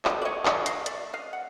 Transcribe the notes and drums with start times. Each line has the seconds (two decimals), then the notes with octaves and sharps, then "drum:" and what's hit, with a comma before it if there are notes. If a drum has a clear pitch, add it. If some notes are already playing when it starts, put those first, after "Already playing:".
0.05 C3 D#3 A3, drum: clap
0.22 D5
0.25 C#5 D#5
0.45 D5 E5, drum: clap
0.66 D#5 F5, drum: hi-hat
0.86 D5 E5, drum: hi-hat
1.13 D#5 F5
1.33 F#5